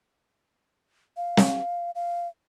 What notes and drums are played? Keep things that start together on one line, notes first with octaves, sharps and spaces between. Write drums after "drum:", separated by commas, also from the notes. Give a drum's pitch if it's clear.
F5
drum: snare
F5